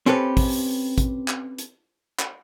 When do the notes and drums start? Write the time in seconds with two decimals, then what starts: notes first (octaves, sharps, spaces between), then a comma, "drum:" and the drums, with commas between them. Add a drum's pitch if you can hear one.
0.06 C4 C#4 G4 A4 B4
0.37 drum: kick, open hi-hat
0.98 drum: kick, hi-hat
1.28 drum: clap
1.58 drum: hi-hat
2.19 drum: clap